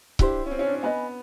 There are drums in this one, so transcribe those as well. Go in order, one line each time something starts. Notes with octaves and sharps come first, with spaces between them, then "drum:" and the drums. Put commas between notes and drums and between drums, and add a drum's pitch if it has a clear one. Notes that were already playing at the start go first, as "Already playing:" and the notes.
D4 E4 G4 C5, drum: kick C#1
C#4
C4
C#4
D4
C#4
B3 B4 D#5 G#5 B5